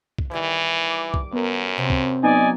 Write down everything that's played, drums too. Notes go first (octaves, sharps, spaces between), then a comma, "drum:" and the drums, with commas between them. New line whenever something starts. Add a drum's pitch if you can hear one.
drum: kick C2
D#3 E3 G3 E4
D6
drum: kick C2
F#2 B3 A#4
C3 C4
drum: kick C2
F#3 B3 D#4 D5 D#5 G#5